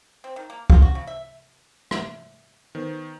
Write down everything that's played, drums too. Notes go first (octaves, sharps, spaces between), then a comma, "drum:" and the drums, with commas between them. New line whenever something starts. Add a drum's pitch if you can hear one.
C4
D#3
A#3
F4, drum: kick
F#4
C#3
E5
E5 F5 A#5, drum: rim click
D#3 B3 B4 C5